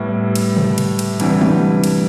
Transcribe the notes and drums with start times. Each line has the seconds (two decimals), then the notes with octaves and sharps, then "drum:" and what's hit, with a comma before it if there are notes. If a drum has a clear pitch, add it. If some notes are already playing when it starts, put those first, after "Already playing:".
Already playing: A2 G3 B3 E4
0.35 drum: cymbal
0.57 drum: tom
0.78 drum: cymbal
0.99 drum: cymbal
1.20 D2 C3 E3 G3 D4, drum: cymbal
1.41 drum: tom
1.84 drum: cymbal